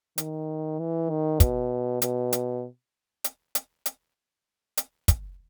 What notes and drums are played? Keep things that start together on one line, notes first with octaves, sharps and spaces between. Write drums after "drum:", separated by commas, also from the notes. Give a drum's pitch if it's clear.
D#3, drum: hi-hat
E3
D#3
B2, drum: kick, hi-hat
B2, drum: hi-hat
drum: hi-hat
drum: hi-hat
drum: hi-hat
drum: hi-hat
drum: hi-hat
drum: kick, hi-hat